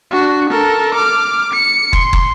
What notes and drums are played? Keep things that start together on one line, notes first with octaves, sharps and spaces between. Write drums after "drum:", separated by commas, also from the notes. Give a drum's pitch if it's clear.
D4 F#4
A4 A#4
D6 F6
C#7
C6, drum: kick
drum: kick